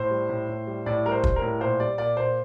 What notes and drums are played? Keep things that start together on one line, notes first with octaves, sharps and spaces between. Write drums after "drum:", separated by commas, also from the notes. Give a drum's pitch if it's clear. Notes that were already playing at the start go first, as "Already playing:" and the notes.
Already playing: A2 C5
G3
A2
A2
G3
A2 D5
G3 A#4
C5
G3, drum: kick
A#4
A2
A#2 C5
G3 D5
A#2 D5
A#2 C5